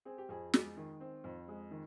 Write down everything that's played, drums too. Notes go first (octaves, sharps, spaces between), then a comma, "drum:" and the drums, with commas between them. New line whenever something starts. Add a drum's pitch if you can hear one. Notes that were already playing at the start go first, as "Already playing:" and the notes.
C4 G#4
G4
F2 G#4
G#3, drum: snare
D#3
C4
F2
G#3
D#3